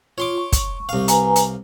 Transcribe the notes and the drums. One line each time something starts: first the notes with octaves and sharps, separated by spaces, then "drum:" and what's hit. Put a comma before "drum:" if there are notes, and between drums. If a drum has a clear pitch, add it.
F4 C#5 C6 D6
C#6
drum: kick, hi-hat
C2 F5
B4 G#5 A#5, drum: hi-hat
drum: hi-hat